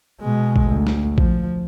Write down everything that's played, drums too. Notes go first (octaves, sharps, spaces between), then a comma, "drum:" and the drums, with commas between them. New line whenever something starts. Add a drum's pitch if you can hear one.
B2 G#3
drum: kick A1
D2
drum: snare
F3, drum: kick A1